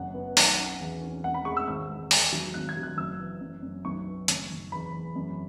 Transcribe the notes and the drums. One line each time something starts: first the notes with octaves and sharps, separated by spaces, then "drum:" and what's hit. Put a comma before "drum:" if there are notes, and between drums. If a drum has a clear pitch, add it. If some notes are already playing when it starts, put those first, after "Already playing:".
Already playing: F#1 F#2 F#5
B3
B1, drum: open hi-hat
C#4
E2
C#4
E1 F#5
B5
G#3 C#6
E6
G#1 E6
G#3
E1, drum: open hi-hat
F#3
G#1 F#6
G#6
F#3
F#6
F#1 E6
E3
F#2
F#2
B1 C#6
B3
F#1, drum: hi-hat
F#1
E2 B5
E2
F#2